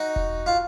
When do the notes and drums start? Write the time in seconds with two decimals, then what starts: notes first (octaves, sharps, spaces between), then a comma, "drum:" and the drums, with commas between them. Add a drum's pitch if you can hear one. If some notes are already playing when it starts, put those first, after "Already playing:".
Already playing: D#4 F#4
0.16 drum: kick E1
0.46 F4